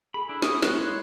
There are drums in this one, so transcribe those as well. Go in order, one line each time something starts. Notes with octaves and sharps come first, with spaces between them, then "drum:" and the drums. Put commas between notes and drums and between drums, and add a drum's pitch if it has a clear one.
G#4 A4 B5
D4 E4
B3 C4 C#6 D#6, drum: snare
G3 A#3 E4 C#6 F#6, drum: snare
G#3 D#4 B4 C#5 C6